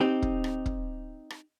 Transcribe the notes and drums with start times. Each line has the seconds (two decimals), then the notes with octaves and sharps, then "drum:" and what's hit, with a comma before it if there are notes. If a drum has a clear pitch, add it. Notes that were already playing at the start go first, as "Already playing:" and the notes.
0.01 C4 D#4 G4
0.22 drum: kick
0.44 drum: rim click
0.66 drum: kick
1.30 drum: rim click